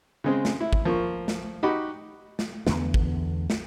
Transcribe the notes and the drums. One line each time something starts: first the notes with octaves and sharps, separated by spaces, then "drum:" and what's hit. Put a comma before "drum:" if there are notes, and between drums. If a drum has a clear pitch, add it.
C#3 G#3 C4
drum: snare
E4
drum: kick G#1
F3 A#3 C#6
drum: snare
D#4 F#4 G4 F#5 B5
drum: snare
E2 D3 B3, drum: snare
drum: kick G#1
drum: snare